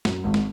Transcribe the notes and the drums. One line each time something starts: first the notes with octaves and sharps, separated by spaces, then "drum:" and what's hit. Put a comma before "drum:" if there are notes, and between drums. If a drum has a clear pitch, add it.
F#2, drum: snare
G#1 G#2
drum: snare